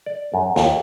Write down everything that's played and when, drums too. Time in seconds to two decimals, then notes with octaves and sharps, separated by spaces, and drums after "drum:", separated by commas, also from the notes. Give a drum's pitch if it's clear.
0.06 D5
0.34 F#2
0.56 D#2, drum: snare